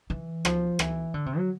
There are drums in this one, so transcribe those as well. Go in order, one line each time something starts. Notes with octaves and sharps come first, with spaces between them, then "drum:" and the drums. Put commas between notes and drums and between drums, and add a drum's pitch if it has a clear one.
E3
F3, drum: rim click
E3, drum: rim click
D3
C3
F#3